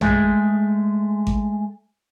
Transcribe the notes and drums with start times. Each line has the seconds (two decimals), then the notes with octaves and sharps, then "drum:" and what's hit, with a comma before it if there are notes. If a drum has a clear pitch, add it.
0.01 G#3 A3 G#4, drum: tom A#1
1.27 drum: kick G#1